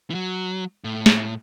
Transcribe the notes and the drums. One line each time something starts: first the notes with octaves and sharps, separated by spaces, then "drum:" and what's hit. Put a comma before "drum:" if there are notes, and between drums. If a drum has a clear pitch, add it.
E3
F#3
A2
drum: snare